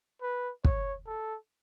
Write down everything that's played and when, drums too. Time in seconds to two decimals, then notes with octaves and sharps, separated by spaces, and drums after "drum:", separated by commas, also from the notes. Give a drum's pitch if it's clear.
0.22 B4
0.65 C#5, drum: kick
1.07 A4